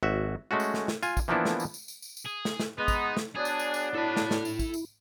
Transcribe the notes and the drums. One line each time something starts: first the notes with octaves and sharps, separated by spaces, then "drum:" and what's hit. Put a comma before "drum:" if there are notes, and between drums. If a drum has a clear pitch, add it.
G#1 F#4 E5
G#3 A3 C#4 F#4
drum: tambourine
drum: snare
drum: snare
F4 G#5, drum: tambourine
drum: kick, tambourine
E3 F3 A#3 B3 D4 E4
drum: snare
drum: tambourine
drum: tambourine
drum: tambourine
drum: tambourine
drum: tambourine
G#4
drum: snare
drum: snare
G#3 B3 D#4
drum: kick, tambourine
drum: snare
F#3 B3 D4 G#4
drum: tambourine
drum: tambourine
drum: tambourine
E4 A4 B5
drum: snare
drum: snare
drum: tambourine
drum: kick, tambourine
drum: tambourine